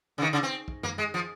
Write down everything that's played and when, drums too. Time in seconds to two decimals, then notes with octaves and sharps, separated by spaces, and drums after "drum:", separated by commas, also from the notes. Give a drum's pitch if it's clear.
0.18 C#3
0.22 D#3
0.33 C#3
0.43 C4
0.68 drum: kick A#1
0.83 A#3, drum: tom F#2
0.98 G#3
1.14 F3